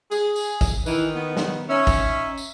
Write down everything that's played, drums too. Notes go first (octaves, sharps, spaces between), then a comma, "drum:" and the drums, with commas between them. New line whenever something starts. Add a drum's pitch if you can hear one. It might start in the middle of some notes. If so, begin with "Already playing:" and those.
G#4, drum: tambourine
drum: tambourine
drum: kick, tambourine
D#3 E3, drum: tambourine
B3
drum: snare
C#4 D#4 E5
drum: kick, tambourine
drum: tambourine